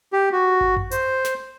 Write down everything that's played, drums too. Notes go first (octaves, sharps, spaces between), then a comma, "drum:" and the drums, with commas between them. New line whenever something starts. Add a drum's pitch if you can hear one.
G4
F#4
drum: kick G#1
drum: tom F#2
C5, drum: hi-hat
drum: snare